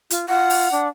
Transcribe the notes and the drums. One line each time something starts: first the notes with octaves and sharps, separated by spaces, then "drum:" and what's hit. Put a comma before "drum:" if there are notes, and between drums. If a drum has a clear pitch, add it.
F4, drum: hi-hat
F4 F#5
drum: open hi-hat
D4